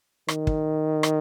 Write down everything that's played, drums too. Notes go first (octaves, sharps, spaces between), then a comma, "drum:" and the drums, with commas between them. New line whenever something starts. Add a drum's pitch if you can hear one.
D#3, drum: rim click
drum: kick
drum: rim click